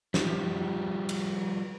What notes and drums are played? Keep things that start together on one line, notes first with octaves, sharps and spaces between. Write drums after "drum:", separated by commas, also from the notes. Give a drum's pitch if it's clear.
F3 G3, drum: snare
drum: cymbal